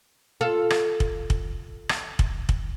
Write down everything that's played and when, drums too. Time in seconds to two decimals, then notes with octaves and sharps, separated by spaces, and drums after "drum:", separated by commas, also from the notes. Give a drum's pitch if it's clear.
0.41 F4 A4
0.70 drum: rim click
1.00 drum: kick
1.30 drum: kick
1.89 drum: rim click
2.19 drum: kick
2.49 drum: kick